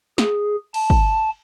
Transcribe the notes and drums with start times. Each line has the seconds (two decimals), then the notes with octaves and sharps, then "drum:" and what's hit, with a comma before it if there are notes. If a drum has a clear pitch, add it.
0.18 G#4, drum: snare
0.74 A5, drum: cymbal
0.90 drum: kick